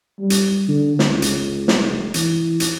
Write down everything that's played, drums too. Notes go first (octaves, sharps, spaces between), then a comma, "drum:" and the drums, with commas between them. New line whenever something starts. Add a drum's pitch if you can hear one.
G3
drum: hi-hat
D3
drum: snare
C#2
drum: hi-hat
drum: snare
F1
E3, drum: hi-hat
drum: hi-hat